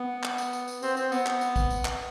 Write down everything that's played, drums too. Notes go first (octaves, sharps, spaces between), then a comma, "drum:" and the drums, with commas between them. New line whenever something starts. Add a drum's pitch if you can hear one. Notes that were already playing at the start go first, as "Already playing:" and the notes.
Already playing: B3
drum: clap
drum: tambourine
drum: tambourine
drum: tambourine
C4, drum: tambourine
C4, drum: tambourine
B3, drum: tambourine
drum: clap
drum: tambourine
drum: kick A#1, tambourine
drum: tambourine
drum: clap